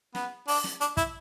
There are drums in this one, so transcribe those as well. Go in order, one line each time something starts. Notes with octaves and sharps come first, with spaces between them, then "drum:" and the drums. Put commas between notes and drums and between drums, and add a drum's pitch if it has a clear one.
B3, drum: snare
D4, drum: open hi-hat
drum: snare
D4, drum: hi-hat
E4, drum: kick, hi-hat